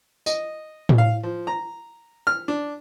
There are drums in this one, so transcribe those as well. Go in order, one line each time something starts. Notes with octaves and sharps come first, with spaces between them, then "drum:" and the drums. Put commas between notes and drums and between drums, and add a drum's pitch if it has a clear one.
D#5, drum: tambourine
drum: tom A2
F5
F3
A#5
F6
D4